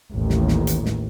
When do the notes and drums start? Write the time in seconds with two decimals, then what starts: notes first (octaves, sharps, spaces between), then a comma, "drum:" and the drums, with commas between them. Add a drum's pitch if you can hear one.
0.11 A1 D#2
0.30 drum: snare
0.48 drum: snare
0.67 drum: hi-hat
0.86 drum: snare